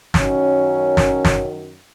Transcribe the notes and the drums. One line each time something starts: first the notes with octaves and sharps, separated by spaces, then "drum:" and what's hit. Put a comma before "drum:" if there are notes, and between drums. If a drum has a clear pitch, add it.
F#2 D#3 F#3 C#4, drum: snare
drum: snare
drum: snare